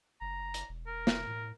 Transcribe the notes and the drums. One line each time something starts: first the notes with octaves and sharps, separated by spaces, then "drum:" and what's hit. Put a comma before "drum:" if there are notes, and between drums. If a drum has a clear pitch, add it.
F#1 A#5
drum: hi-hat
E1
A#4
drum: snare
A2